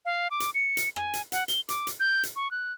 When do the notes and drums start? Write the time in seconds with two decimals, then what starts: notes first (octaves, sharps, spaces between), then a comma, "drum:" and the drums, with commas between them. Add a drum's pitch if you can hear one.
0.05 F5
0.31 D6
0.40 drum: hi-hat
0.54 C#7
0.77 drum: hi-hat
0.96 G#5, drum: rim click
1.14 drum: hi-hat
1.32 F#5, drum: hi-hat
1.48 G7, drum: hi-hat
1.69 D6, drum: hi-hat
1.87 drum: hi-hat
2.00 G6
2.23 drum: hi-hat
2.36 C#6
2.51 F#6